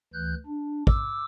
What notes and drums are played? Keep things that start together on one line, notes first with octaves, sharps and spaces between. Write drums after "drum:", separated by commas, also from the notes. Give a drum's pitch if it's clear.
D2 E3 F#6 G6
D4
D6 E6, drum: kick